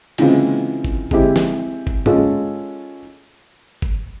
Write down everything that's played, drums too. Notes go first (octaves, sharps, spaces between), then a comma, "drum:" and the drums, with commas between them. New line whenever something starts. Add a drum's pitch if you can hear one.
C#3 E3 G#3 C4 F4, drum: cymbal
drum: kick G1
G#3 C4 E4 G4, drum: kick G1
drum: snare
drum: kick G1
G#3 C#4 F4 A4, drum: tom G#2
drum: kick G1